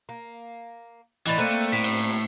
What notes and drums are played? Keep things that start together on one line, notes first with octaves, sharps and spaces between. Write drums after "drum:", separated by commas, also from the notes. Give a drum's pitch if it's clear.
A#3
A2 E3 G#4 D5 D#5 B5 A6
A3 A#3 C4 D4 F#6 D#7
A2 B6
drum: cymbal